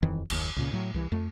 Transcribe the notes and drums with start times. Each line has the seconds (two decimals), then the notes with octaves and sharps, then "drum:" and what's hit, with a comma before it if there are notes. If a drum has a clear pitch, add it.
0.03 D#1 F2 D#3 E3
0.30 F#1 D#2, drum: cymbal
0.56 C#2 A#2 C#3
0.72 A2 F#3
0.94 C2 E3
1.12 F2 A3